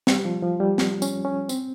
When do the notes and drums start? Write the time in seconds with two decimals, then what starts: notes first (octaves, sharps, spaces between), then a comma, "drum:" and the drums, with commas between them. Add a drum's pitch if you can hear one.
0.07 G3, drum: snare
0.25 F3
0.42 F3
0.60 G3
0.78 drum: snare
1.02 C#4, drum: tambourine
1.25 C#4
1.49 C4, drum: tambourine